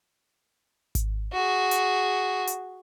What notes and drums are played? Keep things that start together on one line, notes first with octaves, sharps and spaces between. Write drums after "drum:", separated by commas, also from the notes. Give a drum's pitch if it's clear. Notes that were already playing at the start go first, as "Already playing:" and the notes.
drum: kick G#1, hi-hat
F#4 G#4
drum: hi-hat
drum: hi-hat